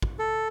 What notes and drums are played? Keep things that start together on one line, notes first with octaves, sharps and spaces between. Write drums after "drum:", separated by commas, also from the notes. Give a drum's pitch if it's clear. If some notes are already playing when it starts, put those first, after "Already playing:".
drum: kick
A4